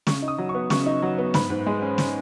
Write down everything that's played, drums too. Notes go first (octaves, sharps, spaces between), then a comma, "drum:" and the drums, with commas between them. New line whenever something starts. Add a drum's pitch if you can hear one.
C#3 C#6, drum: snare
D#4
D#6
F#3
C#6
B3
C#3 C#6, drum: snare
D#4
F#3
B3
G#2 B5, drum: snare
G#2
G#3
C#4
drum: snare